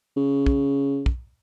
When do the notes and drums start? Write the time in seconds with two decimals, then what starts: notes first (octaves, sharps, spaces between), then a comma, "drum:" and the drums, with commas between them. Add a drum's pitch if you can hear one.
0.17 C#3
0.46 drum: kick
1.06 drum: kick